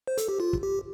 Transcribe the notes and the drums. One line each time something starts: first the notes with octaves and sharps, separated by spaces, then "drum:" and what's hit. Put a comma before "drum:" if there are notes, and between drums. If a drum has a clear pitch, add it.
C5
A4, drum: hi-hat
G4
F4
drum: kick
G4